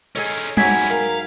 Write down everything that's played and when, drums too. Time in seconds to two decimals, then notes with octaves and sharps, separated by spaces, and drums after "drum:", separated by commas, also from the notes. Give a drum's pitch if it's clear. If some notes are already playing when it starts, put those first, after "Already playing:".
0.16 C#4 D#4 G#4 A4 D#5
0.57 G#2 F#3 C#4 E4 E5 G#5 G#6 B6, drum: tom G3
0.90 A#4 F5